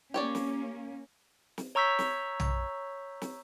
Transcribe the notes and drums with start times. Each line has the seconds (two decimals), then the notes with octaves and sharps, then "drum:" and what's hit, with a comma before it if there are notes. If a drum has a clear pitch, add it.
0.14 A#3 C#4 G4 C#5 D5
0.35 drum: snare
1.58 drum: snare
1.75 C#5 A#5 C#6 E6 G6 B6
1.99 drum: snare
2.40 drum: tom
3.22 drum: snare